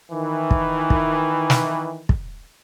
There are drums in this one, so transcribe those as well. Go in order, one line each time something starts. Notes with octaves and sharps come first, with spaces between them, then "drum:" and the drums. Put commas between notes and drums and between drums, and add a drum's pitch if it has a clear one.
D#3 E3
drum: kick
drum: kick
drum: snare
drum: kick